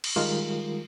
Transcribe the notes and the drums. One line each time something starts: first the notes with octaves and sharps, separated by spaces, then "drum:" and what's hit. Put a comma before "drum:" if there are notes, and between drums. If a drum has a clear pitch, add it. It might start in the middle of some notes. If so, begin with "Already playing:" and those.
drum: cymbal
D#3 G3 G#3 F4 A#4